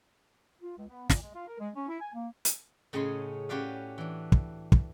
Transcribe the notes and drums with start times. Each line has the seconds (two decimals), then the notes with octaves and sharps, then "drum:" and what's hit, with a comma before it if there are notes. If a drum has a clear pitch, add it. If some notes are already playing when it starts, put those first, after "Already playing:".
0.62 F4
0.76 C#2
0.88 B3
1.10 A#2, drum: snare
1.21 G#3
1.35 F4
1.48 A#4
1.59 G#3
1.75 C#4
1.88 E4
2.01 G#5
2.14 A#3
2.45 drum: hi-hat
2.93 A2 C#3 C#4 G#4 D#5 C6
3.49 C#4 F#4 G4 B4 D5 F5
3.98 E3 D4
4.32 drum: kick
4.72 drum: kick